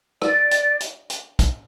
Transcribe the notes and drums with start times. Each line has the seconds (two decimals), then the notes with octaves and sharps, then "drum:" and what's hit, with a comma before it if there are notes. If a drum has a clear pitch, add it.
0.22 D5, drum: rim click
0.51 drum: hi-hat
0.81 drum: hi-hat
1.10 drum: hi-hat
1.39 drum: kick, hi-hat